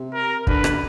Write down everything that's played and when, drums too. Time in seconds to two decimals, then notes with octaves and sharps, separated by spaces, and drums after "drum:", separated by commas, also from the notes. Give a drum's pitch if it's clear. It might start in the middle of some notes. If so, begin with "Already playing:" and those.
Already playing: C3
0.14 A#4
0.47 D3 B4, drum: kick
0.64 drum: rim click